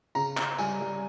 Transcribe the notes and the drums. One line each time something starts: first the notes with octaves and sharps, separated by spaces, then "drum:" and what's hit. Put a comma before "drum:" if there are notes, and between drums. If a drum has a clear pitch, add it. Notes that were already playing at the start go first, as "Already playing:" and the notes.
C#3 A#5, drum: tambourine
C#3, drum: clap
G3 G#5, drum: tambourine
G3